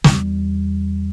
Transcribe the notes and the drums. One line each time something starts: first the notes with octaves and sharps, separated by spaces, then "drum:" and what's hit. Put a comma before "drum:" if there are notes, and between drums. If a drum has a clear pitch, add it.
E2 G3, drum: snare